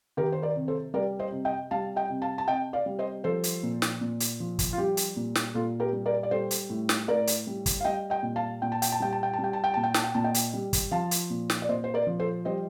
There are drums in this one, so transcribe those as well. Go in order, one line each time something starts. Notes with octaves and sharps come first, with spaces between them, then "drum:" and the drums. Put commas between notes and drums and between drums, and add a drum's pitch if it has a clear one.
D#3 G4 A#4
C5
A#4 D5
C3
A4 C5
G3 A#4 D5
C5 D#5
C3
D#5 G5
G3 F5 A5
D#5 G5
C3
F5 A5
A5
C3 D#5 G5
D5 F5
G3
C5 D#5
F3 A4 C5
drum: hi-hat
A#2
drum: snare
A#2
drum: hi-hat
F3
drum: kick, hi-hat
F4
G3 G4
drum: hi-hat
A#2
drum: snare
A#2 F4 A4
G4 A#4
G3
A#4 D5
D5
G3 A4 C5
drum: hi-hat
A2
drum: snare
A2 A#4 D5
drum: hi-hat
G3
drum: kick, hi-hat
F5
G3 D#5 G5
D#5 G5
A#2
F5 A5
A#2 G5
A5
G5, drum: hi-hat
A5
G3 G5
A5
G5
A5
G3
G5
A5
G5
A#2 A5
G5
A5, drum: snare
G5
A#2 A5
D#5 G5
drum: hi-hat
G3
drum: kick, hi-hat
F3 F5 A5
drum: hi-hat
A#2
drum: snare
D5
A#2 C5 D#5
C5
A#4 D5
F3
A4 C5
G3 C5 D#5